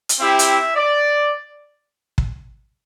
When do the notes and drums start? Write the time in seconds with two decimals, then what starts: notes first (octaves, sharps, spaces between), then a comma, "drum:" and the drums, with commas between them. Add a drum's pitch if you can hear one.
0.09 drum: hi-hat
0.19 C4 E4 G4 E5
0.39 drum: hi-hat
0.75 D5
2.18 drum: kick